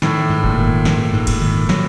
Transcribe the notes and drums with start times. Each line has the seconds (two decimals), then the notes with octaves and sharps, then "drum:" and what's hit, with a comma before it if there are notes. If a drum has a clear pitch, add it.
0.02 A2 D#3, drum: snare
0.30 G#2
0.44 A#2, drum: kick F1
0.58 D#3
0.85 G#2, drum: snare
1.13 G#2
1.27 drum: kick F1, cymbal
1.41 D#3
1.69 F#3, drum: snare